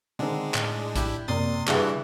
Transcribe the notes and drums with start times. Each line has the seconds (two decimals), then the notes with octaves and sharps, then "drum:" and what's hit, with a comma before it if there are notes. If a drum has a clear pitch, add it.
0.19 D3 D#3 G#3 C4 D4
0.54 A2 G5, drum: clap
0.96 D4 E4 G4, drum: kick, hi-hat
1.28 F#2 C3 A#3 D5 C6 D#6 A6
1.68 G2 C#3 E3 D4 F#4 G#4 F#5, drum: clap